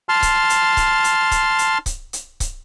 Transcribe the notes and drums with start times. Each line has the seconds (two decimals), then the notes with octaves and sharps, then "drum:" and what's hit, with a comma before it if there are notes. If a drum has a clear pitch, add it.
0.09 A5 C6 F6
0.22 drum: kick C#1, hi-hat
0.50 drum: hi-hat
0.77 drum: kick C#1, hi-hat
1.04 drum: hi-hat
1.31 drum: kick C#1, hi-hat
1.59 drum: hi-hat
1.86 drum: kick C#1, hi-hat
2.13 drum: hi-hat
2.40 drum: kick C#1, hi-hat